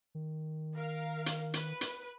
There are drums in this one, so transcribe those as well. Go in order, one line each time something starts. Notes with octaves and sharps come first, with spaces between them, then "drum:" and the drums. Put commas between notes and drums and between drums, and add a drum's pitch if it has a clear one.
D#3
A#4 F5
drum: hi-hat
B4, drum: hi-hat
drum: hi-hat